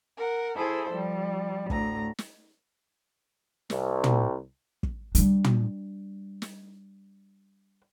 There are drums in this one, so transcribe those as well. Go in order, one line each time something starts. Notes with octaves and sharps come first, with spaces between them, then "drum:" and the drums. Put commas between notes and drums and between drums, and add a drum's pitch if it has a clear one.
A#4 F#5
E4 G#4 A4 C5
F3 G3
D2 A2 A#5, drum: kick
drum: snare
C2, drum: snare
drum: tom
drum: kick
G3 D4, drum: hi-hat
drum: tom
drum: snare